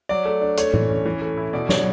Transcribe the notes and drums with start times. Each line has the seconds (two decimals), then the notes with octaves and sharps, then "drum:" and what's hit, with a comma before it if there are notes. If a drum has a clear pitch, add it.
0.09 F#3 D5
0.25 A3
0.41 D4
0.57 A3 C#5, drum: hi-hat
0.74 E3, drum: tom A2
0.89 C#4
1.06 E3
1.22 A3
1.37 E4
1.53 B2 D5
1.69 D4 C#5, drum: snare